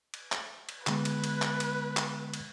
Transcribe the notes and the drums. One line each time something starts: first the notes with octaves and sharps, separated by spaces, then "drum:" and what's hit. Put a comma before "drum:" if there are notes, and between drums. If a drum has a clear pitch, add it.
drum: cymbal
drum: clap
drum: cymbal
D3 G#3 B3 B4, drum: clap
drum: cymbal
drum: cymbal
drum: clap
drum: cymbal
drum: clap
drum: cymbal